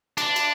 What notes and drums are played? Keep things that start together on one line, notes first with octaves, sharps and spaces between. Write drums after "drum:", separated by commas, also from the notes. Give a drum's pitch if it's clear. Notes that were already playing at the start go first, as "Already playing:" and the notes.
D4, drum: cymbal
drum: cymbal